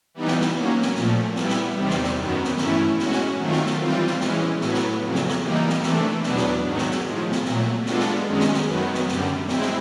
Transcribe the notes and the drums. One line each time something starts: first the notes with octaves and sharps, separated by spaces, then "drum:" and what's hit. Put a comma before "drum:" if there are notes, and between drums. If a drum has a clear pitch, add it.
E3 G3 B3 D#4
drum: snare
drum: snare
F#3 A#3 C#4
drum: snare
A#2 F3 A3, drum: snare
G3 B3 E4, drum: snare
drum: snare
E2 C3 D#3 G3 C4
drum: snare
drum: snare
F#2 D#3 F#3 B3
drum: snare
G2 E3 A3 C#4 E4, drum: snare
G#3 C#4 F#4, drum: snare
drum: snare
D#3 F#3 A3 C4 F4
drum: snare
drum: snare
E3 G3 C4 F4
drum: snare
E3 G#3 C#4, drum: snare
A2 F#3 B3, drum: snare
drum: snare
F2 C#3 F#3
drum: snare
drum: snare
E3 G3 A#3 D#4
drum: snare
C3 E3 A3 D4, drum: snare
E2 B2 F#3 B3 D4, drum: snare
drum: snare
G#2 D#3 F#3
drum: snare
drum: snare
A2 F3 G#3
drum: snare
A#2 F#3 A3, drum: snare
G#3 B3 D4 F4 A4, drum: snare
drum: snare
F#2 D#3 G#3 C#4
drum: snare
drum: snare
F#2 D#3 F#3 B3
drum: snare
F#2 D3 G3, drum: snare
G#3 C4 E4, drum: snare
drum: snare